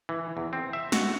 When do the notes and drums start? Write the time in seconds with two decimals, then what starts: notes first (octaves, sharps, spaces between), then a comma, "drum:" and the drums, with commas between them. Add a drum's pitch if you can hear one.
0.09 E3
0.37 E2
0.53 C4
0.73 E5
0.92 F#4, drum: snare